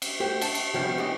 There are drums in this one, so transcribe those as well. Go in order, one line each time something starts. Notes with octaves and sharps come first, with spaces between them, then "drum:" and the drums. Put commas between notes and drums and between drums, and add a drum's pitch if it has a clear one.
drum: cymbal
A3 F#4 G4 C5
A5, drum: cymbal
drum: cymbal
C3 F3 G3 B3 C#4 F#4
C3 E3 F#3 C#4 G4 D#5